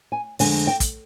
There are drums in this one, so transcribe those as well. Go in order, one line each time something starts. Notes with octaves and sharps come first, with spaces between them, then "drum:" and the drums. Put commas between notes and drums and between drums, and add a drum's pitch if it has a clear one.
G#5
F2 D3 G#3 G#5, drum: open hi-hat
G5
drum: kick, hi-hat